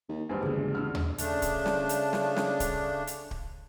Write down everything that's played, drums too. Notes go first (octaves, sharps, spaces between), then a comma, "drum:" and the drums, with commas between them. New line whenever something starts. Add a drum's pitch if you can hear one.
D#2
E1 A#1 G2 B3 C5 G#5
G1 C#2 G#4
D3 E6 F6
drum: tom D#2
C#3 A3 D4, drum: hi-hat
drum: kick D1, hi-hat
drum: snare
drum: hi-hat
drum: snare
drum: snare
drum: kick D1, hi-hat
drum: hi-hat
drum: kick D1